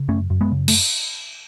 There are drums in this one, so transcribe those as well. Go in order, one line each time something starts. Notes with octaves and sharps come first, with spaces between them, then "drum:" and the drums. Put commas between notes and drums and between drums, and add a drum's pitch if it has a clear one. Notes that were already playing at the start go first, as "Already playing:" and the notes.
Already playing: C#3
F#2 A3 C#4
F#2
G#3 B3
C#3
A3, drum: cymbal